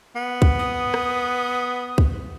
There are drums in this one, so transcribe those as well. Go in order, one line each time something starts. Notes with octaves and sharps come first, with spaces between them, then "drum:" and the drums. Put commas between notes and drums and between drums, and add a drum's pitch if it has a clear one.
B3
drum: kick
D#6
drum: rim click
drum: kick